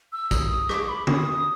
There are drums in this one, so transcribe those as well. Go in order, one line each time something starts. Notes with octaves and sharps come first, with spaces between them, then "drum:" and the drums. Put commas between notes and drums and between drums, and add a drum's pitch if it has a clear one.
E6
D#6, drum: kick, tambourine
D6, drum: rim click
B5
D#6, drum: tom